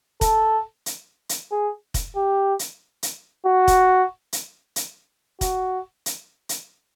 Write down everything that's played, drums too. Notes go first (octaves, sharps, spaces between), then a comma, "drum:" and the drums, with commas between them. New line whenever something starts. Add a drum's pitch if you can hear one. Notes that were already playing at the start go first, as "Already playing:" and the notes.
A4, drum: kick, hi-hat
drum: hi-hat
drum: hi-hat
G#4
drum: kick, hi-hat
G4
drum: hi-hat
drum: hi-hat
F#4
drum: kick, hi-hat
drum: hi-hat
drum: hi-hat
F#4, drum: kick, hi-hat
drum: hi-hat
drum: hi-hat